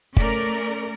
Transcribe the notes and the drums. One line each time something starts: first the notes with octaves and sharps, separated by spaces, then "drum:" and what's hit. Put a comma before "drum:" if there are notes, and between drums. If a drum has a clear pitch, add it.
A3 C#4 A#4 D5, drum: kick